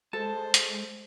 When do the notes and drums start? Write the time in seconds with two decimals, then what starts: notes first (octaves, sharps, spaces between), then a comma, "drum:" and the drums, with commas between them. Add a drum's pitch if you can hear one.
0.13 G#3 A4 C5 A5
0.54 drum: hi-hat